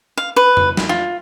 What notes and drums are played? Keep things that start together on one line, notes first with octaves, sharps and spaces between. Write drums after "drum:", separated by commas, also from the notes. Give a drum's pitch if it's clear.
F5
B4
drum: tom F2
drum: snare
F4